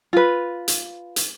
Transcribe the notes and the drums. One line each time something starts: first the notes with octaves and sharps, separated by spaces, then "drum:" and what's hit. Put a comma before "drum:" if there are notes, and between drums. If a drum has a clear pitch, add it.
F4 B4
drum: hi-hat
drum: hi-hat